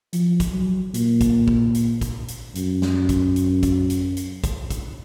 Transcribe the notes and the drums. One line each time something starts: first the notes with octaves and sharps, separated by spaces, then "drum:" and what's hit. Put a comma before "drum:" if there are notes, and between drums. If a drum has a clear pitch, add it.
F3, drum: hi-hat
drum: kick, hi-hat
F#3
A#2, drum: hi-hat
drum: kick, hi-hat
drum: kick
drum: hi-hat
drum: kick, hi-hat
drum: hi-hat
F#2, drum: hi-hat
drum: snare
drum: kick, hi-hat
drum: hi-hat
drum: kick, hi-hat
drum: hi-hat
drum: hi-hat
drum: kick, hi-hat
drum: kick, hi-hat